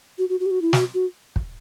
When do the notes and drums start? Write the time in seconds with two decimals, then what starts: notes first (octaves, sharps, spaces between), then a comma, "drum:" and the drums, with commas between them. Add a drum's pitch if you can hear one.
0.18 F#4
0.29 F#4
0.40 F#4
0.46 G4
0.51 F#4
0.62 E4
0.73 F#4, drum: snare
0.94 F#4
1.36 drum: kick